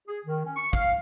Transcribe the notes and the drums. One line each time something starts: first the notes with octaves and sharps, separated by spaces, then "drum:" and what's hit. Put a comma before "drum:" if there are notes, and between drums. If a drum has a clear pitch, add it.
G#4
D#3
C#4
C#6
F5, drum: kick